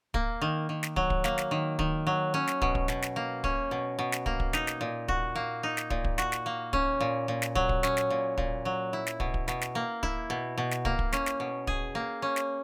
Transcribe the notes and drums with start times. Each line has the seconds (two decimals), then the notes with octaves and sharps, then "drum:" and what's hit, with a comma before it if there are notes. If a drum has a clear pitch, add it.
0.14 A#3, drum: kick
0.41 D#3
0.69 D#3
0.83 drum: snare
0.96 F#3, drum: kick
1.10 drum: kick
1.24 A#3, drum: snare
1.38 drum: snare
1.51 D#3
1.79 D#3, drum: kick
2.07 F#3
2.34 C#4
2.47 drum: snare
2.62 B2, drum: kick
2.75 drum: kick
2.88 B2, drum: snare
3.02 drum: snare
3.16 A#3
3.44 C#4, drum: kick
3.71 B2
3.99 B2
4.12 drum: snare
4.26 A#3, drum: kick
4.40 drum: kick
4.53 D#4, drum: snare
4.67 drum: snare
4.81 A#2
5.08 F#4, drum: kick
5.36 A#3
5.63 D#4
5.77 drum: snare
5.90 A#2, drum: kick
6.04 drum: kick
6.18 F#4, drum: snare
6.32 drum: snare
6.46 A#3
6.73 C#4, drum: kick
7.01 A#2
7.28 A#2
7.42 drum: snare
7.55 F#3, drum: kick
7.69 drum: kick
7.83 C#4, drum: snare
7.97 drum: snare
8.10 A#2
8.38 A#2, drum: kick
8.65 F#3
8.93 E4
9.07 drum: snare
9.20 B2, drum: kick
9.34 drum: kick
9.48 B2, drum: snare
9.61 drum: snare
9.75 A#3
10.03 E4, drum: kick
10.30 B2
10.58 B2
10.71 drum: snare
10.85 A#3, drum: kick
10.99 drum: kick
11.12 C#4, drum: snare
11.26 drum: snare
11.40 B2
11.67 G#4, drum: kick
11.95 A#3
12.22 C#4
12.36 drum: snare